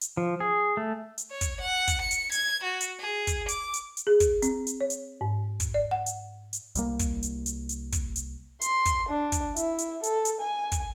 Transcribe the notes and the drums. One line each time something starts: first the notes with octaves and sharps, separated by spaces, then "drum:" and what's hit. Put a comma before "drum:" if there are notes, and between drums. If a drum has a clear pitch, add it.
drum: hi-hat
F3
G#4
A3
drum: hi-hat
C#5
drum: kick, hi-hat
F#5
drum: kick, hi-hat
C#7
drum: hi-hat
G#6, drum: hi-hat
F#4
drum: hi-hat
G#4
drum: kick, hi-hat
D6, drum: hi-hat
drum: hi-hat
drum: hi-hat
G#4
drum: kick, hi-hat
C4, drum: hi-hat
drum: hi-hat
C#5
drum: hi-hat
G#2
drum: kick, hi-hat
D5
F#5
drum: hi-hat
drum: hi-hat
C2 G3 A#3, drum: hi-hat
drum: kick, hi-hat
drum: hi-hat
drum: hi-hat
drum: hi-hat
drum: kick, hi-hat
drum: hi-hat
C6, drum: hi-hat
drum: kick, hi-hat
D4
drum: kick, hi-hat
E4, drum: hi-hat
drum: hi-hat
A4, drum: hi-hat
drum: hi-hat
G#5
drum: kick, hi-hat